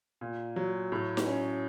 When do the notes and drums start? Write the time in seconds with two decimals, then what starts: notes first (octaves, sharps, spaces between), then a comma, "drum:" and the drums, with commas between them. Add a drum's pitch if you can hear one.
0.21 A#2
0.56 F#3
0.92 A2
1.17 drum: snare D#4
1.26 C#4